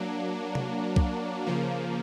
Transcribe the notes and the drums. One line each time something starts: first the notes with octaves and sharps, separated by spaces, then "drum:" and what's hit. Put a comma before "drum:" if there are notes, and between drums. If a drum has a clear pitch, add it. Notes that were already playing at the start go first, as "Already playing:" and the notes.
Already playing: F#3 A#3 D4
drum: tom C3
drum: kick
C#3 F3 A#3